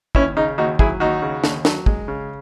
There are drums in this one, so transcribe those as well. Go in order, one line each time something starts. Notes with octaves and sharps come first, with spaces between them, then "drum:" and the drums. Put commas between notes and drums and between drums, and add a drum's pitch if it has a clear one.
D#2 C#4 E4, drum: kick
C#3 D#4
D#2 D#4 F#4
F#3 E4 G#4, drum: kick
D#2 D#4 F#4
C#3
D#2, drum: snare
F#3, drum: snare
G#3, drum: kick
C#3